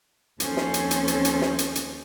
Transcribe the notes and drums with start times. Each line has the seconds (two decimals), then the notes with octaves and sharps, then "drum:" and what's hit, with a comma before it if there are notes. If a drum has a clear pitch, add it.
0.40 D#2 F3 C4 C#4 A4 C5, drum: hi-hat
0.57 drum: snare
0.74 drum: hi-hat
0.91 drum: hi-hat
1.08 drum: hi-hat
1.25 drum: hi-hat
1.42 drum: snare
1.59 drum: hi-hat
1.75 drum: hi-hat